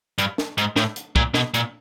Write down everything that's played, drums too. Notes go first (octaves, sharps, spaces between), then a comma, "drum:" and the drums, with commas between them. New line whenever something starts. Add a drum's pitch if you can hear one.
G2, drum: hi-hat
drum: snare
G#2, drum: hi-hat
A2, drum: snare
drum: hi-hat
A#2, drum: kick
B2, drum: snare
A#2, drum: hi-hat